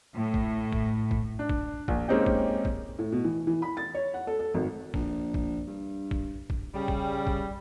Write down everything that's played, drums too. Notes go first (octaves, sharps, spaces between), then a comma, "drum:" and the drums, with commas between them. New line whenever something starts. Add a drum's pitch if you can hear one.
A2
drum: kick
drum: kick
drum: kick
D4
drum: kick
A#1, drum: kick
G#3 A#3 C4 C#4 D#4 G4
drum: kick
drum: kick
A2
B2
E3
E3
B5
A6
C#5
F#5
A4
A4
G#1
A#1, drum: kick
drum: kick
G2
drum: kick
drum: kick
C#3 G3
drum: kick
drum: kick